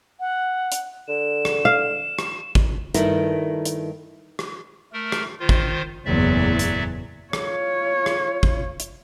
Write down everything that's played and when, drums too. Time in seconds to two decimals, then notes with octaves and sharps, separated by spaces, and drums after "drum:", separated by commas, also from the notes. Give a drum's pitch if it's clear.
0.20 F#5
0.72 drum: hi-hat
1.08 D3 E7
1.45 drum: rim click
1.65 F5
2.19 drum: rim click
2.55 drum: kick
2.94 G2 D#3 A3 E4 A#4, drum: hi-hat
3.65 drum: hi-hat
4.39 drum: rim click
4.93 A3 A#4
5.12 drum: rim click
5.40 D#3 F4 C5
5.49 drum: kick
6.06 F#1 E2 A2 F#3 D5 E5
6.59 drum: hi-hat
7.33 F4 C#5, drum: rim click
8.06 drum: rim click
8.43 drum: kick
8.80 drum: hi-hat